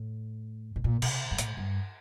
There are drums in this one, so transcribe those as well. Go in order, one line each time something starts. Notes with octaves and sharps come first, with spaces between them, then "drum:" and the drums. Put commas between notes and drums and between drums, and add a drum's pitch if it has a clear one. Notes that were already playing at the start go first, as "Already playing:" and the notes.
Already playing: A2
A2
A#2
C3, drum: cymbal
G2
A2, drum: hi-hat
G2